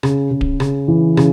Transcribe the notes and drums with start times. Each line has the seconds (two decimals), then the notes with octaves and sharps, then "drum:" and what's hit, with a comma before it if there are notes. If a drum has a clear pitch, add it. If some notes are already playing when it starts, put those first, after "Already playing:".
0.03 C#3, drum: rim click
0.31 C#3
0.41 drum: kick D1
0.60 C#3, drum: rim click
0.88 E3
1.17 C#3, drum: rim click